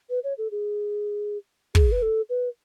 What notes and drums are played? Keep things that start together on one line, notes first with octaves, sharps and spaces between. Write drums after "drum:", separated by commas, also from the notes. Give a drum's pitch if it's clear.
B4
C#5
A4
G#4
G#4, drum: kick
B4
A4
B4